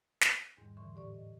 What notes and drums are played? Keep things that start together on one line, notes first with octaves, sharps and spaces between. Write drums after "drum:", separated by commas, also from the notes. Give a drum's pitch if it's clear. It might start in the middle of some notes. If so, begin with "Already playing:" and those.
drum: snare
E2 G#2 D#3 G3
E2 A#2 D3 E3 C6 C#6
A2 G4 D5 C#6
D#5